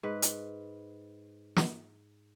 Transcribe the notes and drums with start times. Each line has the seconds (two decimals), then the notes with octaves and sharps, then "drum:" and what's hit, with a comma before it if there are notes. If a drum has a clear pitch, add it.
0.03 G#2 B4
0.22 drum: hi-hat
1.57 drum: snare